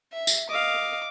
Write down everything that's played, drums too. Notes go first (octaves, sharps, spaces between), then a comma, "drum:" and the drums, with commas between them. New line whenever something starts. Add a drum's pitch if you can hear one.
E5
drum: tambourine
D#5 F5 D6